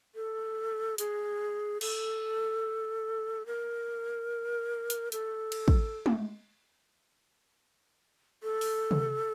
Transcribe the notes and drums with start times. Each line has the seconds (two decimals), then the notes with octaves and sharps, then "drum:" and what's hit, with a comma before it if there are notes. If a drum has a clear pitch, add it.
0.15 A4
0.98 G#4, drum: hi-hat
1.81 A4, drum: cymbal
3.46 A#4
4.90 drum: hi-hat
5.12 A4, drum: hi-hat
5.52 drum: cymbal
5.68 drum: kick
6.06 drum: tom G#3
8.43 A4
8.61 drum: open hi-hat
8.91 drum: tom C3